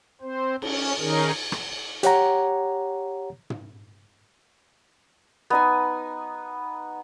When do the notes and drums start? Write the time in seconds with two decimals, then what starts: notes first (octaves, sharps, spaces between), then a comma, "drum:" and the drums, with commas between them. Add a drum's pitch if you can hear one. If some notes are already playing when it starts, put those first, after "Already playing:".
0.21 C4 C5
0.62 C#4, drum: cymbal
0.99 D#3 C#4 D#4 G#4 A#4
1.52 drum: rim click
2.03 G4 C#5 F#5 A#5, drum: hi-hat
3.50 drum: tom
5.50 B3 D#4 G#5